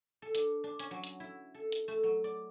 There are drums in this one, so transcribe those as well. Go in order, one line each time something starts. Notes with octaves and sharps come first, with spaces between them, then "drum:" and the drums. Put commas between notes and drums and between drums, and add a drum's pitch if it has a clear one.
A4
D4, drum: hi-hat
D4
C#4, drum: hi-hat
F#3
drum: hi-hat
E4
A4
drum: hi-hat
A3
F#3
D5